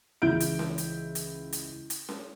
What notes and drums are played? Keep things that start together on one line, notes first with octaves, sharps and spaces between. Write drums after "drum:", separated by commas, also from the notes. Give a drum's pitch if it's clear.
C#2 E3 E4 G6 D7
drum: hi-hat
drum: snare C#4
drum: hi-hat
drum: hi-hat
drum: hi-hat
drum: hi-hat
drum: snare C#4